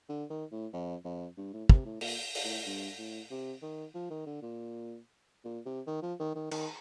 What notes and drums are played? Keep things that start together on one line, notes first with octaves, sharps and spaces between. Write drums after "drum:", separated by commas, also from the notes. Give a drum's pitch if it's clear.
D3
D#3
A2
F2
F2
G2
A2
C3, drum: kick
A2
A#2, drum: open hi-hat
drum: open hi-hat
A2
G2
A2
C3
D#3
F3
D#3
D3
A#2
A#2
C3
D#3
F3
D#3
D#3
D#3, drum: cymbal